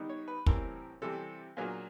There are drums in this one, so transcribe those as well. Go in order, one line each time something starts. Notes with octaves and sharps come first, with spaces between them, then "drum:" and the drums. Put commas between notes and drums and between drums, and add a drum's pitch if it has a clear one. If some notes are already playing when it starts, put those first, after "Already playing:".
Already playing: D#3 G3 B3 D#4
C#5
B4
A2 E3 G3 C4 A#4, drum: kick
C3 E3 G3 C4 A4
A#2 F#3 A#3 D4 F4 G#4